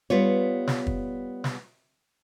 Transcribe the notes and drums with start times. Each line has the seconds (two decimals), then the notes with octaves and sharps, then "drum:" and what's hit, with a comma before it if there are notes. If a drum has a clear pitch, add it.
0.10 G3 B3 F4 C#5
0.67 drum: snare
0.87 drum: kick
1.44 drum: snare